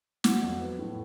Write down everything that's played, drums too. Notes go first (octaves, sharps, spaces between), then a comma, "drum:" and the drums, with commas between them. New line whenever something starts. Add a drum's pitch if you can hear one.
F#3, drum: snare
F2
B3
A2